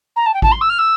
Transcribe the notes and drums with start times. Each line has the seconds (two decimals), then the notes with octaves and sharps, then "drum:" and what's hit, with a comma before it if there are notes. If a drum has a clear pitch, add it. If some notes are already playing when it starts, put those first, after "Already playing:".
0.16 A#5
0.26 A5
0.34 G5
0.42 A5, drum: kick G#1
0.51 C6
0.61 E6
0.69 F6
0.78 E6